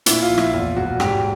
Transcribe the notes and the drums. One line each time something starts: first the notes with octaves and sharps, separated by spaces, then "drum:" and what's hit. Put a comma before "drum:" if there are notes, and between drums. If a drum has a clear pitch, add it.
A#2 E4, drum: hi-hat
F4
A#1
E4, drum: rim click
E2 F4
E1 F#4
G#2 G4, drum: rim click